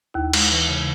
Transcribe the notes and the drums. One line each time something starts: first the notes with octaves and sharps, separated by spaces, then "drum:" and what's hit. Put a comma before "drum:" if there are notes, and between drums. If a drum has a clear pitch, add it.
D#2 E4
G#3, drum: cymbal
E3 B4
C#3